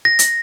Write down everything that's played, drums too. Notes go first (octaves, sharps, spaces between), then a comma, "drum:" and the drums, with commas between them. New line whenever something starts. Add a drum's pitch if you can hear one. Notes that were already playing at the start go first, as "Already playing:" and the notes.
A#6
drum: hi-hat